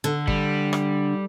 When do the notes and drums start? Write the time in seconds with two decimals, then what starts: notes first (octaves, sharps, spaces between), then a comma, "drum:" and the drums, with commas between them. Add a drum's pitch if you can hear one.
0.04 D3
0.28 G3, drum: kick G#1
0.73 drum: rim click